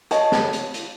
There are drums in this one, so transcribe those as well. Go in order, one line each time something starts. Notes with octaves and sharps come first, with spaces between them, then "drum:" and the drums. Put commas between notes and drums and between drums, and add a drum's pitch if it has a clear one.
C#5 D#5 A5, drum: hi-hat
drum: snare
drum: hi-hat
drum: hi-hat